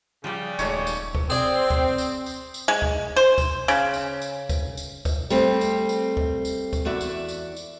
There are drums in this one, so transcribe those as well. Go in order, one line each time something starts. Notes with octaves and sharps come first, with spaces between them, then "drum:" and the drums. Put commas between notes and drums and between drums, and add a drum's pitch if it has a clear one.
C#3 F3 G3 G4
D#1 G#3 A3 D#4 C#5, drum: tambourine
drum: tambourine
drum: kick D2
C4 G#4 D5
drum: kick D2
drum: tambourine
drum: tambourine
drum: tambourine
G#3
drum: kick D2
C5
drum: kick D2, tambourine
C#3, drum: tambourine
drum: tambourine
drum: tambourine
drum: kick D2, tambourine
drum: tambourine
drum: kick D2, tambourine
G3 A3 C4, drum: tambourine
drum: tambourine
drum: tambourine
drum: kick D2
drum: tambourine
drum: kick D2, tambourine
E2 F#4 D5 E5
drum: tambourine
drum: tambourine
drum: tambourine